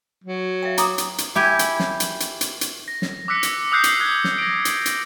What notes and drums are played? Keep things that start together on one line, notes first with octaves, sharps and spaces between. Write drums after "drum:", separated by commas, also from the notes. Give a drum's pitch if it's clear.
F#3
E5 F5 G5
A#5 D6 D#6, drum: hi-hat
drum: hi-hat
drum: hi-hat
E4 G4 G#5
drum: hi-hat
drum: snare
drum: hi-hat
drum: hi-hat
drum: hi-hat
drum: hi-hat
A#6
drum: snare
D6 E6 F#6 B6 C#7
drum: hi-hat
D#6 E6 F#6 G6 C7 C#7
drum: hi-hat
D#6 F#6 G#6 G7
drum: snare
A#6 D7
drum: hi-hat
drum: hi-hat